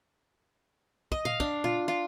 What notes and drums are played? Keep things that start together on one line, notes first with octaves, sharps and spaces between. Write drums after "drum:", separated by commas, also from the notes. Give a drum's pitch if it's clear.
D#5, drum: kick
F5, drum: tom A#2
D4, drum: kick
F4, drum: tom A#2
F4